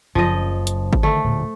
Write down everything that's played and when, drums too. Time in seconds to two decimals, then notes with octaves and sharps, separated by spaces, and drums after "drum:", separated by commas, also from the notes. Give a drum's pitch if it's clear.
0.15 F#1 F#2 C#3 F3 D#5
0.67 drum: hi-hat
0.93 drum: kick G#1
1.03 D3 D#3 A3
1.24 D1 A#2 D3